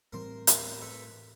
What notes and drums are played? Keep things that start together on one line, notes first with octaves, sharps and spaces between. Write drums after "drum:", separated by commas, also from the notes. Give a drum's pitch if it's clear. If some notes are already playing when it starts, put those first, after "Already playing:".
A2 E3 G3 C4 A#4 C5
A#4 C5, drum: hi-hat
A4 B4